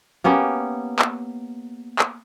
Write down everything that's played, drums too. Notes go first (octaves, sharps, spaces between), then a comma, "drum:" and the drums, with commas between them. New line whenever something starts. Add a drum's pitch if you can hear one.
A#3 B3 C#4 G4
drum: clap
drum: clap